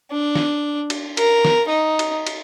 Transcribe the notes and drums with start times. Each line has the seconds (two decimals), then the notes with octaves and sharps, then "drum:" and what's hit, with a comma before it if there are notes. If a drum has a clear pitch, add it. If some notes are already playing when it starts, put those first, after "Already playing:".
0.12 D4
0.35 drum: snare
0.90 drum: cymbal
1.17 A#4, drum: cymbal
1.45 drum: snare
1.69 D#4
1.99 drum: cymbal
2.27 drum: cymbal